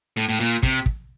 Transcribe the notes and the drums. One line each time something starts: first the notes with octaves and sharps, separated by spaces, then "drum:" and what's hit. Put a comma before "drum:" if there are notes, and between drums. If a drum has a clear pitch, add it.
A2
A2
A#2
C3, drum: kick
drum: kick